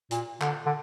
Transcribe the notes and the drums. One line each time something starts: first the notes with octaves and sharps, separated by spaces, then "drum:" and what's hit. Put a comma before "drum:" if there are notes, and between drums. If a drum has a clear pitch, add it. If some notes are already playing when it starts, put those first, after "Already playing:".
A#2, drum: hi-hat
D3, drum: clap
D3